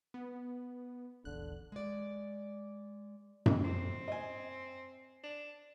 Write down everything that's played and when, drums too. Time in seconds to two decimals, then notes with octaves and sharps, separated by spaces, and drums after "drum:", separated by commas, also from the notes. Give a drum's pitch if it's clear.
0.14 B3
1.25 D#1 A#1 E2 D3 F#6
1.72 G#3 D5
3.46 drum: tom F#2
3.64 C4
4.08 D#5 G#5
5.23 D4